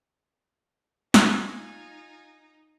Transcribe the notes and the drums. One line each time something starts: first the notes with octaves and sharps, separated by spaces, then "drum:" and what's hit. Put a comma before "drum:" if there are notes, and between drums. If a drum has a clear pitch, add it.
D#4 F4 G#5, drum: snare